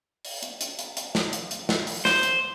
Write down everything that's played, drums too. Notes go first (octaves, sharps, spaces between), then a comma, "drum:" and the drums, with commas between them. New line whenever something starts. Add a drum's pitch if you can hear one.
drum: open hi-hat
drum: hi-hat
drum: hi-hat
drum: hi-hat
drum: hi-hat
drum: snare
drum: hi-hat
drum: hi-hat
drum: snare
drum: open hi-hat
C5, drum: snare
drum: hi-hat